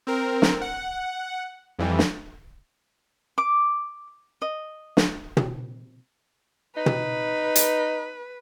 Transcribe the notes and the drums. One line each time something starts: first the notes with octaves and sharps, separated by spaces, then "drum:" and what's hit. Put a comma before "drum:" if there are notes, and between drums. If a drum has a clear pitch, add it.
C4 A#4
drum: snare
F#5
F2 E3 G3
drum: snare
D6
D#5
drum: snare
drum: tom
D#4 B4
drum: tom
drum: hi-hat